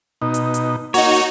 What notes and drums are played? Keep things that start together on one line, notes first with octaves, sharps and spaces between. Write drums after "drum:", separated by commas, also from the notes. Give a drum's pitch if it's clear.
B2 D#4
drum: hi-hat
drum: hi-hat
A#3 D#4 F#4 C#5, drum: hi-hat
drum: hi-hat